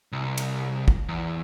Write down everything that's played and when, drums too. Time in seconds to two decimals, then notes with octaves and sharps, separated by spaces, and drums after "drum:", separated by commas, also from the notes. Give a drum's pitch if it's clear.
0.12 C2
0.38 drum: cymbal
0.88 drum: kick
1.08 E2